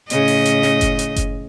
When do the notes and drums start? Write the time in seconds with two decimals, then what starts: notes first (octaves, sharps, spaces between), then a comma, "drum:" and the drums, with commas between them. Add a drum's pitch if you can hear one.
0.10 A2 C#3 D#5, drum: hi-hat
0.28 drum: open hi-hat
0.45 drum: hi-hat
0.63 drum: snare
0.81 drum: kick F#1, hi-hat
0.99 drum: hi-hat
1.16 drum: kick F#1, hi-hat